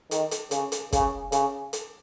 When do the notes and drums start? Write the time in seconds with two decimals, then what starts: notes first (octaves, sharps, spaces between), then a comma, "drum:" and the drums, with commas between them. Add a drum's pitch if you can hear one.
0.11 D#3, drum: hi-hat
0.31 drum: hi-hat
0.51 C#3, drum: hi-hat
0.72 drum: hi-hat
0.93 C#3, drum: kick, hi-hat
1.32 C#3, drum: hi-hat
1.73 drum: hi-hat